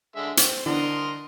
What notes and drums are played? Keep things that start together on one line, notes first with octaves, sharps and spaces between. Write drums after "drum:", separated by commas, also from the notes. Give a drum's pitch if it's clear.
D3 G#3 E5
C4 C5, drum: hi-hat
D3 E3 D4 A#4 D#5 C6